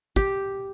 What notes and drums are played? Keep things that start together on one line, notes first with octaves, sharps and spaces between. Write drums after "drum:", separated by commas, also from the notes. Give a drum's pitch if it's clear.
G4, drum: kick